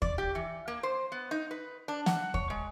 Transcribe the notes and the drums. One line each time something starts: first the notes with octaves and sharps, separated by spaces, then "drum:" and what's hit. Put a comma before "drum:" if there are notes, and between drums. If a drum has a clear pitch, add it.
D5, drum: kick
G4
E3
A#3
C5
B3
D#4
B4
D4
F#5, drum: snare
C#5, drum: kick
G#3